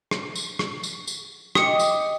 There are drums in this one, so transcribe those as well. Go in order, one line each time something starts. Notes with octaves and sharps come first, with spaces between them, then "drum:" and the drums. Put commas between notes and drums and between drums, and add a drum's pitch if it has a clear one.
drum: rim click
drum: tambourine
drum: rim click
drum: tambourine
drum: tambourine
G4 D#5 D#6 C#7, drum: rim click
drum: tambourine